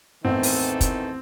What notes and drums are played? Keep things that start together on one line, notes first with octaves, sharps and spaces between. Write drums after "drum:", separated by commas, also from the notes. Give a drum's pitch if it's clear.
A1 E2 D#3 E3 C4 A4
drum: open hi-hat
drum: kick, hi-hat